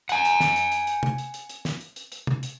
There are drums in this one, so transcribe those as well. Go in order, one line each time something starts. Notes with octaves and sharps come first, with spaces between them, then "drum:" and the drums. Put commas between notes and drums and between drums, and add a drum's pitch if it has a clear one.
F#5 G#5, drum: hi-hat
drum: hi-hat
drum: snare
drum: hi-hat
drum: hi-hat
drum: hi-hat
drum: tom
drum: hi-hat
drum: hi-hat
drum: hi-hat
drum: snare
drum: hi-hat
drum: hi-hat
drum: hi-hat
drum: tom
drum: hi-hat